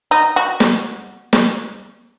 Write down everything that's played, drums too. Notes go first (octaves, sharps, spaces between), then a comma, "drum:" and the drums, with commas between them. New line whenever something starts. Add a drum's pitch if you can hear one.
D#4
F#4
drum: snare
drum: snare